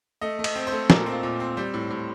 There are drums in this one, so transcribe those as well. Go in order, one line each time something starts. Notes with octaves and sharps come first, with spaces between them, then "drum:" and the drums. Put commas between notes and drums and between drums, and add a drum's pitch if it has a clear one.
A3 D#5
A3
D#5, drum: cymbal
C4
C5
A3
A#2 A#4, drum: snare
C4
F4
A#2
C4
G3 C5
A2
A2